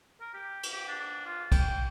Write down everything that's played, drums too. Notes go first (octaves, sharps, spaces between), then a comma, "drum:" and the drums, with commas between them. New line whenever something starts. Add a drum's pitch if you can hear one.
A#4
G4
drum: cymbal
G4
D4
F4
G5, drum: kick, cymbal